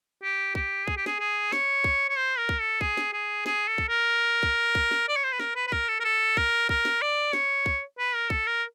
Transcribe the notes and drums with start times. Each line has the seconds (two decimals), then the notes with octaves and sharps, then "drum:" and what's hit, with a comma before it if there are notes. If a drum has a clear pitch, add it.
0.23 G4
0.55 G4, drum: kick
0.88 G#4, drum: kick
0.97 G4
1.06 G#4, drum: snare
1.20 G#4
1.52 C#5, drum: snare
1.84 drum: kick
2.09 C#5
2.17 C5
2.38 A#4
2.49 drum: kick
2.60 A4
2.81 G#4, drum: kick
2.97 drum: snare
3.13 G#4
3.46 G#4, drum: snare
3.67 A4
3.78 drum: kick
3.89 A#4
4.43 drum: kick
4.75 drum: kick
4.91 drum: snare
5.08 D5
5.16 C#5
5.24 C5
5.32 B4
5.40 A#4, drum: snare
5.55 B4
5.67 B4
5.72 A#4, drum: kick
5.88 A4
6.00 A#4
6.04 A4
6.37 A#4, drum: kick
6.69 A#4, drum: kick
6.85 drum: snare
7.02 D5
7.33 C#5, drum: snare
7.66 drum: kick
7.99 B4
8.15 A#4
8.30 A4, drum: kick
8.47 A#4